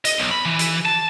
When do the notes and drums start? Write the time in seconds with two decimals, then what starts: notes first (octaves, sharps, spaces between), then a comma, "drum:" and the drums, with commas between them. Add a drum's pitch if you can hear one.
0.05 D#5, drum: hi-hat
0.18 B1
0.31 B5
0.45 E3
0.59 drum: hi-hat
0.86 A5